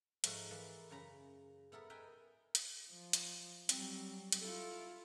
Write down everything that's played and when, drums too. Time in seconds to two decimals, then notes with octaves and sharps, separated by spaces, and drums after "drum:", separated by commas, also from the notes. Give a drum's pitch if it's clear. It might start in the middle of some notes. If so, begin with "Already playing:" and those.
0.24 G#2 F3 A3 F#4 A#4 A#5, drum: hi-hat
0.51 E3 A#3 A4 B4
0.91 F#2 C#3 A#5 B5
1.72 B3 E4 A4 A#4
1.90 A#4 B4 D#5 E5 G5 G#5
2.55 drum: hi-hat
2.89 F3
3.13 drum: hi-hat
3.69 F#3 G3 C4, drum: hi-hat
4.32 drum: hi-hat
4.42 E4 F4 A4